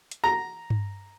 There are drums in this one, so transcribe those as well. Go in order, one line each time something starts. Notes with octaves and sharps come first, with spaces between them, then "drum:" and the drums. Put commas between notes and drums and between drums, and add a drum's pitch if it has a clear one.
drum: hi-hat
A#5
drum: tom G2